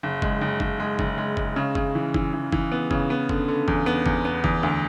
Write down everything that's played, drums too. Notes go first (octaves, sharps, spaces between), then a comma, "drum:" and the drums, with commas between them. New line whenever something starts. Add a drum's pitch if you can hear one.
F#1
G#3, drum: kick F#1
F#1
F#1, drum: kick F#1
G#3
F#1, drum: kick F#1
G#3
G#3, drum: kick F#1
C#3
C#3, drum: kick F#1
E3
E3, drum: kick F#1
E3
E3, drum: kick F#1
B3
C#3, drum: kick F#1
B3
D3, drum: kick F#1
D3
E2, drum: kick F#1
B3
E2, drum: kick F#1
B3
E2, drum: kick F#1
D2